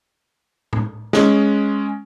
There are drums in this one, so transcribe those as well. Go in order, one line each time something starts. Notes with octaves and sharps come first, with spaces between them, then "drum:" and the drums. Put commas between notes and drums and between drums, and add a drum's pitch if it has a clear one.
drum: tom A2
G#3 C#4, drum: snare